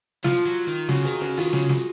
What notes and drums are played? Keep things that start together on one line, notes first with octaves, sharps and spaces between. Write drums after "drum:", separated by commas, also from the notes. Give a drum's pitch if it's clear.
F3 F4, drum: snare
F#3
D#3
C#3 F#4, drum: snare
D#3 G#4, drum: hi-hat
C#3 F#4, drum: hi-hat
D#3 F4, drum: open hi-hat
C#3, drum: snare
drum: snare